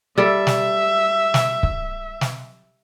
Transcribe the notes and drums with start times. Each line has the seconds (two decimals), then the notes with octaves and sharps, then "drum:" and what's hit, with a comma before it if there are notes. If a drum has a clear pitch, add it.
0.18 G3 A4 E5
0.47 drum: snare
1.34 drum: snare
1.63 drum: kick C#1
2.21 drum: snare